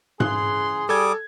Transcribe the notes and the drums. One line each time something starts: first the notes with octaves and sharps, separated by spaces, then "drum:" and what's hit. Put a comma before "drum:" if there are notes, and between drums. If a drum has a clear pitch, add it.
C#3 E3 G#4 C6 F#6, drum: tom G#2
G3 A4 D6 D#6 G#6